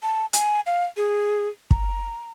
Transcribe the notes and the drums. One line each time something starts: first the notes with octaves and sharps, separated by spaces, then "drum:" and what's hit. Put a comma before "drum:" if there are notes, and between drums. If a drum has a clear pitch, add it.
A5
G#5, drum: hi-hat
F5
G#4
A#5, drum: kick